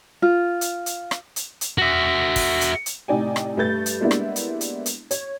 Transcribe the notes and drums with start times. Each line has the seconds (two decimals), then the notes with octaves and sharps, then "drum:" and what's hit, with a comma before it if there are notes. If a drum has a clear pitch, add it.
0.22 F4
0.61 drum: hi-hat
0.86 drum: hi-hat
1.11 drum: rim click
1.36 drum: hi-hat
1.61 drum: hi-hat
1.78 F#4 E5
2.36 drum: kick, open hi-hat
2.61 drum: hi-hat
2.86 drum: hi-hat
3.08 A2 C3 D#4 D5 G5 G#5
3.36 drum: rim click
3.57 G2 A3 B4 G6 A6
3.86 drum: hi-hat
4.00 G3 G#3 A#3 B3 D4 E4
4.11 drum: rim click
4.36 drum: hi-hat
4.61 drum: hi-hat
4.86 drum: hi-hat
5.11 C#5, drum: hi-hat